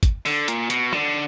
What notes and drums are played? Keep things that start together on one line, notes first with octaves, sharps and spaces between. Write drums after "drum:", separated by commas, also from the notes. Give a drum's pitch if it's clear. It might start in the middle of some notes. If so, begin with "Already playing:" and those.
drum: kick, hi-hat
D3, drum: open hi-hat
A#2, drum: hi-hat
B2, drum: hi-hat
D3, drum: rim click